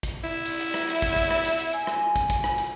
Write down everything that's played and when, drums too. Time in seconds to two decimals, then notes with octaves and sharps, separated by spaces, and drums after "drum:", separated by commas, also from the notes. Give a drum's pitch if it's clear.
0.03 drum: kick, hi-hat
0.24 E4
0.46 drum: hi-hat
0.60 drum: hi-hat
0.74 drum: rim click
0.88 drum: hi-hat
1.02 drum: kick, hi-hat
1.17 drum: kick, hi-hat
1.31 drum: rim click
1.45 drum: hi-hat
1.59 drum: hi-hat
1.73 G#5, drum: hi-hat
1.87 drum: rim click
2.16 drum: kick, hi-hat
2.30 drum: kick, hi-hat
2.44 drum: rim click
2.58 drum: hi-hat